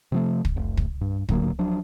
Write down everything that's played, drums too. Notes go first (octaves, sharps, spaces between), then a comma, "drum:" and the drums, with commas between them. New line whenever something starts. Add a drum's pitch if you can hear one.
C3 F3 A3
drum: kick
F1
drum: kick
G2
A2 D3 F#3 A#3, drum: kick
F3 F#3 D4